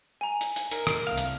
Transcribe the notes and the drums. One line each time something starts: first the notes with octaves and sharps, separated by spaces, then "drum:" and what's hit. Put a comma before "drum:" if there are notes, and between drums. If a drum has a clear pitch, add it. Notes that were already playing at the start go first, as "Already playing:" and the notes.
G#5 A#5
drum: hi-hat
drum: hi-hat
D#4 A#4, drum: hi-hat
drum: rim click
C2 A3 F5
drum: hi-hat